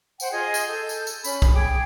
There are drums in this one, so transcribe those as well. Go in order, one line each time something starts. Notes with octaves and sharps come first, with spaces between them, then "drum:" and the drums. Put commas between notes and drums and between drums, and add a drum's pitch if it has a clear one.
C5 F#5 G5, drum: tambourine
F4 G#4 D#5 A#5
drum: tambourine
A4 G6
drum: tambourine
drum: tambourine
C#4 B5, drum: tambourine
drum: kick, tambourine
G#4 G5 D6